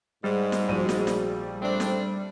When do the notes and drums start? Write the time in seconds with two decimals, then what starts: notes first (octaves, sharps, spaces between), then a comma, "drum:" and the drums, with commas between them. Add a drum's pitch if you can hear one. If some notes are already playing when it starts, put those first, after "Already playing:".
0.24 G#2 G3
0.52 drum: snare
0.69 A#1 F3 F#4 G#4 C5 D#7
0.89 drum: snare
1.07 drum: snare
1.62 A3 C4 D4 C5
1.80 drum: snare